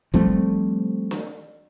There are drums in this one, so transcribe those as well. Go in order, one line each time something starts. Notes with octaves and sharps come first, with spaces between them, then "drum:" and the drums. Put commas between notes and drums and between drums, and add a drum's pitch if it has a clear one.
F3 G3 A3 C4, drum: kick
drum: snare